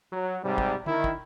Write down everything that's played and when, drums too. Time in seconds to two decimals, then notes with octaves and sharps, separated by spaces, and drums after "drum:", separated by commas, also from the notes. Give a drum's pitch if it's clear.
0.11 F#3
0.43 G#2 C3 G3
0.58 drum: kick
0.86 D#3 E4, drum: tom D3
1.04 drum: kick